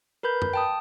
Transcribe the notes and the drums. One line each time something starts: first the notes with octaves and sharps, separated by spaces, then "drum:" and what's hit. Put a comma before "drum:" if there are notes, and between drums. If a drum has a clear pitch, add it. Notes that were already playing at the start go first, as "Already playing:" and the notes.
A#4 B4 B5 G6
drum: tom F#2
G5 A5 D#6